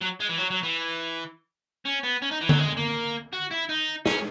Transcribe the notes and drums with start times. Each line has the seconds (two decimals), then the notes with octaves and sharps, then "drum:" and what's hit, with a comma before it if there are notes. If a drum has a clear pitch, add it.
0.02 F#3
0.20 G#3
0.29 E3
0.38 F#3
0.50 F#3
0.63 E3
1.85 C#4
2.03 B3
2.22 C#4
2.31 D#4
2.41 E3
2.49 F#3, drum: tom D3
2.58 G#3
2.77 A#3
3.33 F#4
3.51 E4
3.69 D#4
4.06 C#4, drum: snare